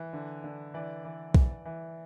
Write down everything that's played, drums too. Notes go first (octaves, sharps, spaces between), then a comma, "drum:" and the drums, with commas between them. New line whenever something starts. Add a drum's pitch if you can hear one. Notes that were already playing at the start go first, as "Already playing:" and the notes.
Already playing: E3
D3
D3
E3 D5
E3
E3, drum: kick B1
E3